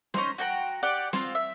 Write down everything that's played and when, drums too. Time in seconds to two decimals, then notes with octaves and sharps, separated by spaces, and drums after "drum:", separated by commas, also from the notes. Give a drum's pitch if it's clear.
0.14 C#4 D#4 C5, drum: snare
0.38 F#4 G5 A#5
0.83 G4 D5 F#5
1.13 C4 F4, drum: snare
1.35 E5